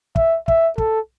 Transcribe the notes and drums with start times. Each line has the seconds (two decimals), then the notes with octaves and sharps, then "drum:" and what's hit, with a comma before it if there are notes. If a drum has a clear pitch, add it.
0.16 E5, drum: kick
0.48 E5, drum: kick
0.78 A4, drum: kick